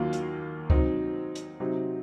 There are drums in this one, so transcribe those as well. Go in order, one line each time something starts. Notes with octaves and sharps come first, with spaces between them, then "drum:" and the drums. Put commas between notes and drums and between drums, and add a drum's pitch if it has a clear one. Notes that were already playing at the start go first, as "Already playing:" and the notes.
Already playing: D#2 D#3 F#3 A#3 F4
drum: hi-hat
F#3 C4 D#4, drum: kick C#2
drum: hi-hat
C3 F#3 C4 D#4